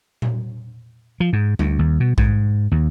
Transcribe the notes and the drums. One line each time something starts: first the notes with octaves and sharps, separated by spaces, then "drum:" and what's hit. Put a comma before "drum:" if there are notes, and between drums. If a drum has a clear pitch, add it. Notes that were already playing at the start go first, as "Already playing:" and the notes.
drum: tom A#2
F3
G#2
D2, drum: tom G3
D#2
B2
G#2, drum: kick A#1
D#2